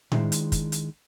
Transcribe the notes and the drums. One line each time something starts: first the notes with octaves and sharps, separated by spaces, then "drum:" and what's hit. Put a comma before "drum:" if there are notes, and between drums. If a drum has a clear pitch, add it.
D#3 G#3 D4 E4 C5, drum: tom A2
drum: hi-hat
drum: kick, hi-hat
drum: hi-hat